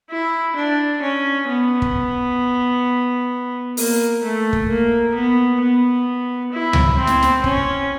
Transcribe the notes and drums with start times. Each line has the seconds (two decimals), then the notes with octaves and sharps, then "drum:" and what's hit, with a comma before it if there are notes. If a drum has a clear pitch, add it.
0.10 E4
0.56 D4
1.02 C#4
1.48 B3
1.82 drum: kick
3.77 A#3, drum: open hi-hat
4.23 A3
4.53 drum: kick
4.69 A#3
5.14 B3
5.60 B3
6.52 E4
6.73 drum: tom C#2
6.98 C4
7.07 drum: snare
7.23 drum: snare
7.44 C#4, drum: kick